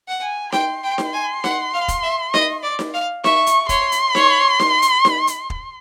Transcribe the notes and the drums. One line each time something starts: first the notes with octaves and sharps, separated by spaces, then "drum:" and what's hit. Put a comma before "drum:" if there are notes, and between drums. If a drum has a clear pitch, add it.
F#5
G#5
G5 C6, drum: snare D#4
G5
drum: snare D#4
G#5
F#5, drum: snare D#4
F5
drum: kick, hi-hat
E5
D#5, drum: snare D#4
D5
drum: snare D#4
F5
E5 C#6, drum: snare D#4
drum: hi-hat
C#5 C6, drum: kick, hi-hat
drum: hi-hat
C#5, drum: snare D#4
drum: snare D#4
drum: hi-hat
drum: snare D#4
drum: hi-hat
drum: kick